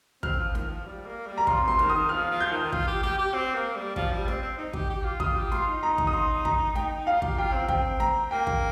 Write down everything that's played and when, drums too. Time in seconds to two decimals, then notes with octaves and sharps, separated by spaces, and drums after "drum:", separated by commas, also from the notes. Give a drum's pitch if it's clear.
0.23 C4 F6, drum: kick
0.39 F3
0.55 D#3, drum: snare
0.70 F3
0.86 G3
1.06 A#3
1.27 G3
1.37 A#5
1.47 F3 C6, drum: kick
1.63 C3 C6
1.79 D#3, drum: snare
1.90 D#3 D#6
2.09 F3 F6
2.31 F3
2.40 G6
2.51 D#3
2.72 F4, drum: kick
2.87 G4
3.03 G4, drum: snare
3.18 G4
3.34 C4
3.55 A#3
3.76 G3
3.96 F3, drum: kick
4.12 G3
4.28 C4, drum: snare
4.42 C4
4.58 D#4
4.73 G4, drum: kick
4.90 G4
5.05 F4
5.20 F4 D#6, drum: kick
5.36 G4
5.52 F4 C6, drum: snare
5.67 D#4
5.83 A#5
5.98 drum: kick
6.07 D#6
6.13 C6
6.45 A#5, drum: kick
6.75 G5, drum: snare
7.07 F4 F5
7.22 G4, drum: kick
7.38 F4 G5
7.53 C4
7.68 C4 G5, drum: kick
8.00 A#5, drum: snare
8.31 A#3 G5
8.47 drum: kick